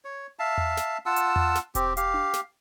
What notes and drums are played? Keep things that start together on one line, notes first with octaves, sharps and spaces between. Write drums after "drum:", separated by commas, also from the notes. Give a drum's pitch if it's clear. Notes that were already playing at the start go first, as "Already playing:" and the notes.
C#5
E5 F5 A5
drum: tom E2
drum: snare
F4 F#5 A5 E6
drum: hi-hat
drum: tom E2
drum: snare
C4 G4, drum: kick E1, hi-hat
G4 F5, drum: hi-hat
drum: tom D4
drum: snare